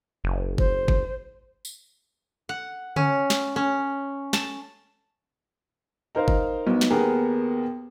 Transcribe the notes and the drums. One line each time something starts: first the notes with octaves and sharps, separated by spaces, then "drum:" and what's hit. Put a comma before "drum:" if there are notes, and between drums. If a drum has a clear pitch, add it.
F#1
C5, drum: kick G1
drum: kick G1
drum: tambourine
F#5
C#4, drum: tom C#3
drum: snare
C#4
A5, drum: snare
D#4 A#4 C5 F5
drum: kick G1
B1 B3 D#4
drum: snare
D#2 B3 G#4 A#4